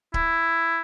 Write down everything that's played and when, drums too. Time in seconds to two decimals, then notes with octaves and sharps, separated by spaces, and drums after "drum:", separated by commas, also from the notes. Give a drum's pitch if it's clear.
0.14 E4, drum: kick D1